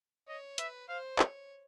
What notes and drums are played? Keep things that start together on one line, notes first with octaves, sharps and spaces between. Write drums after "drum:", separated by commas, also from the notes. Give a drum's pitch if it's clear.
C#5 D#5
B4 E5, drum: hi-hat
C5 F5
C#5, drum: clap